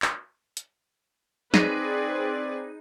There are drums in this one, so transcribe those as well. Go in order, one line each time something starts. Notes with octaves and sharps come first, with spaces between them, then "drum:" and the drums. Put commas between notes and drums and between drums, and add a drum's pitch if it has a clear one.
drum: clap
drum: hi-hat
C4 D#4 G#4 B4 D5, drum: snare